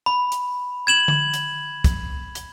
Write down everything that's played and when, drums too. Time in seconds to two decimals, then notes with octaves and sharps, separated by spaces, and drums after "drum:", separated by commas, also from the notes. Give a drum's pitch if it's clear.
0.06 B5
0.32 drum: hi-hat
0.87 G#6 E7 F#7
1.08 drum: tom D3
1.34 drum: hi-hat
1.84 drum: kick, hi-hat
2.35 drum: hi-hat